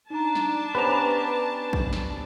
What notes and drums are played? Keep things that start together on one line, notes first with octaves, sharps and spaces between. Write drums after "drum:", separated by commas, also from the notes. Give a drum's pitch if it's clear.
D4 D#4 A5 A#5
drum: snare
B3 C#4 G4 B4 C5 A#5 B5 E7
drum: kick
drum: snare